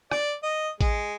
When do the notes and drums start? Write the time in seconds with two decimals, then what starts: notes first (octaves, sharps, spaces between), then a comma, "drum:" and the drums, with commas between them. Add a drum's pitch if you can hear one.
0.12 D5, drum: rim click
0.43 D#5
0.81 G#3, drum: kick A1, hi-hat